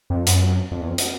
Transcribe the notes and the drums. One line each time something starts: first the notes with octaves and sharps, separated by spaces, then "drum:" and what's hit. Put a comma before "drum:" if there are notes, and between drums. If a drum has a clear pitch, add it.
F2
F#2, drum: hi-hat
F2
E2
F2
drum: hi-hat